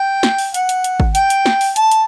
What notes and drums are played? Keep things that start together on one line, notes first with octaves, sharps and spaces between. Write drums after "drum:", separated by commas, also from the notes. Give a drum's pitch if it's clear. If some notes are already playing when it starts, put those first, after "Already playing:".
Already playing: G5
drum: snare
drum: open hi-hat
F#5, drum: hi-hat
drum: hi-hat
drum: hi-hat
drum: kick G#1
G5, drum: hi-hat
drum: hi-hat
drum: snare
drum: open hi-hat
A5, drum: hi-hat
drum: hi-hat